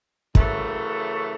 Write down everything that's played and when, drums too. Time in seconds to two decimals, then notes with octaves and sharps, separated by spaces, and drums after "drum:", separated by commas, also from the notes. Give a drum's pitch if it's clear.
0.35 F#2 C#3 E3 A3, drum: kick